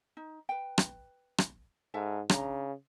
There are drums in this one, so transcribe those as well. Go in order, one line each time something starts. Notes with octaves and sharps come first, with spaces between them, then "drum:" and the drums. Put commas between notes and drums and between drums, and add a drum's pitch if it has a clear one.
D#4
B4 G5
drum: rim click
drum: rim click
G#2 A4 E5 A5
C#3 D4 A#5, drum: rim click